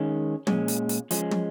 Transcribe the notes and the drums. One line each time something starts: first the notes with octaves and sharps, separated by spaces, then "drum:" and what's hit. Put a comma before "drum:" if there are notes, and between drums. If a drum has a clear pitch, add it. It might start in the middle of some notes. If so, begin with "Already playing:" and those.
Already playing: D#3 G#3 C#4
A#2 G#3 C#4, drum: tom
drum: hi-hat
drum: hi-hat
F3 G#3 C#4, drum: hi-hat
drum: tom